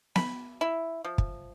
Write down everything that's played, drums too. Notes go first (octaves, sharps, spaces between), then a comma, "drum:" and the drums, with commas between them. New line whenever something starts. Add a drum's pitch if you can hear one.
B5, drum: snare B3
E4
F3
drum: kick